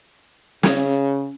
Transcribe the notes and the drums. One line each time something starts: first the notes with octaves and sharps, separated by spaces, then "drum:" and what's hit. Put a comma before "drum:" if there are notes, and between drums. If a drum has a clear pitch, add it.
C#3 C#4 C#5, drum: snare